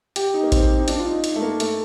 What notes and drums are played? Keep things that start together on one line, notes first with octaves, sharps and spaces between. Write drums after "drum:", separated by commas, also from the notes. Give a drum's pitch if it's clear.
G4, drum: hi-hat
D#4
A#3
C4, drum: kick A1, hi-hat
D#4
D4, drum: hi-hat
F4
D#4
drum: hi-hat
A3
A#3
A3, drum: hi-hat